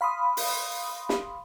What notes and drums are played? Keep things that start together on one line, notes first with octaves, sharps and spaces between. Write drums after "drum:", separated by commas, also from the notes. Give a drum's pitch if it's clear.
F5 B5 C6 D#6
drum: open hi-hat
drum: snare